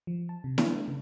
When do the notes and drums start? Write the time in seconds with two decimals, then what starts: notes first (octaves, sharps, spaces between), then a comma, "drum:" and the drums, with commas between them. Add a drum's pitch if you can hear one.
0.07 F3
0.29 A5
0.44 C3
0.58 D4, drum: snare E4
0.75 A3
0.88 C#3